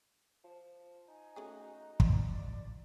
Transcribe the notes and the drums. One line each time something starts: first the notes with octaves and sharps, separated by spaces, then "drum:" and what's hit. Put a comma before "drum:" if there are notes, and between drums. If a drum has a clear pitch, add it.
F3
D#4 G#5
A3 C#4 F#4 G#4
D#3 F4 D5, drum: kick